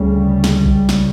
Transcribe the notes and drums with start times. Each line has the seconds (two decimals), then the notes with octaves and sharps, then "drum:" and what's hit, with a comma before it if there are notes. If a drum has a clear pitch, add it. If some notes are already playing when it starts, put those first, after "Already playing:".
Already playing: D2 C#3 G3
0.44 drum: snare
0.66 C#2 C#3, drum: kick B1
0.89 drum: snare